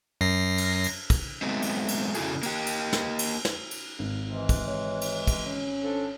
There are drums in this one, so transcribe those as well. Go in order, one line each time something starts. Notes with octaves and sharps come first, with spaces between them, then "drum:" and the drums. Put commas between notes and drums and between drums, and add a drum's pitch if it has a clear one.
F#2 A#6 C7
drum: cymbal
drum: cymbal
drum: kick, cymbal
F#3 G#3 A3 B3 C4
drum: cymbal
drum: cymbal
F2 C#3 E4 F#4 G#4 A4, drum: cymbal
A#3 G4, drum: cymbal
drum: cymbal
drum: snare
drum: cymbal
drum: snare
drum: cymbal
G#1
C3 E3 G#3
drum: kick, cymbal
C#5
drum: cymbal
drum: kick, cymbal
C#4
F3 D4 A4